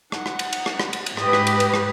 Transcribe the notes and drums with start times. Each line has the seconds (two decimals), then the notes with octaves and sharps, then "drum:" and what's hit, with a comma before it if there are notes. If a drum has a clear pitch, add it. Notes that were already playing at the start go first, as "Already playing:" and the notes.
0.12 D#4 F#5, drum: rim click
0.26 drum: rim click
0.39 drum: cymbal
0.53 drum: cymbal
0.66 drum: rim click
0.80 drum: rim click
0.93 drum: cymbal
1.06 drum: cymbal
1.17 G#2 G4 B4 D#5 D#6, drum: rim click
1.33 drum: rim click
1.47 drum: cymbal
1.60 drum: cymbal
1.74 drum: rim click